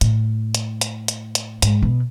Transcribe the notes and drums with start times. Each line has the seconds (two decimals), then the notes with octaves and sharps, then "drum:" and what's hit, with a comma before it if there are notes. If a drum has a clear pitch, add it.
0.01 A2, drum: hi-hat
0.55 drum: hi-hat
0.81 drum: hi-hat
1.08 drum: hi-hat
1.35 drum: hi-hat
1.62 G#2, drum: hi-hat
1.82 B2